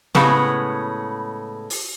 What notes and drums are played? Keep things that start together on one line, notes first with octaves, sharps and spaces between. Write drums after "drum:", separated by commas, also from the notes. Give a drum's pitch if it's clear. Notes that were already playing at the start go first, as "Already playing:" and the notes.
A2 C#3 G#3 B3, drum: snare
drum: open hi-hat